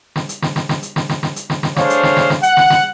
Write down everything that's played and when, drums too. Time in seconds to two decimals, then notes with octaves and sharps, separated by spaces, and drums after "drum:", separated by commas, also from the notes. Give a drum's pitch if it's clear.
0.16 drum: snare
0.29 drum: hi-hat
0.42 drum: snare
0.56 drum: snare
0.69 drum: snare
0.83 drum: hi-hat
0.96 drum: snare
1.09 drum: snare
1.23 drum: snare
1.36 drum: hi-hat
1.50 drum: snare
1.63 drum: snare
1.76 A3 D4 G#4 C5 C#5 F5, drum: snare
1.90 drum: hi-hat
2.03 drum: snare
2.17 drum: snare
2.30 drum: snare
2.43 F#5, drum: hi-hat
2.57 drum: snare
2.70 drum: snare